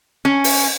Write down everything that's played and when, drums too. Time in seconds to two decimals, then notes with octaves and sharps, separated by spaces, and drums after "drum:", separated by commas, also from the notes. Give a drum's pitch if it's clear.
0.25 C#4
0.44 drum: open hi-hat